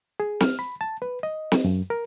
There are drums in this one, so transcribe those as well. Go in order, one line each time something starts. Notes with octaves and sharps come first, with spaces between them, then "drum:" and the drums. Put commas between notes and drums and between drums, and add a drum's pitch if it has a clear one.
G#4
F6, drum: snare
B5
A5
B4
D#5
drum: snare
F#2
A#4